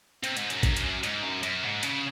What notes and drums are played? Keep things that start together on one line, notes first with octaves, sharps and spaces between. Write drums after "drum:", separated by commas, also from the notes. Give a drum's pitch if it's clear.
C3, drum: hi-hat
G#2, drum: hi-hat
F#2, drum: hi-hat
drum: kick, hi-hat
drum: hi-hat
G#2, drum: hi-hat
F#2
F#2, drum: hi-hat
G#2
C#3, drum: hi-hat